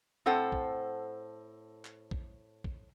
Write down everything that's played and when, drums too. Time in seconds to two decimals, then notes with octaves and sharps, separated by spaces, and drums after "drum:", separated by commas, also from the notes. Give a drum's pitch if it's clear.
0.26 A2 C4 A4 C5 F#5
0.52 drum: kick
1.85 drum: clap
2.11 drum: kick
2.64 drum: kick